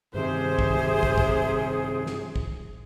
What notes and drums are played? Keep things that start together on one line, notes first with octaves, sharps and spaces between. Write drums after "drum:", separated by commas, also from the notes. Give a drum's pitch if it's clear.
G2 C3 D#3 C4 G#4 C5
drum: kick
drum: kick
drum: kick
drum: snare
drum: kick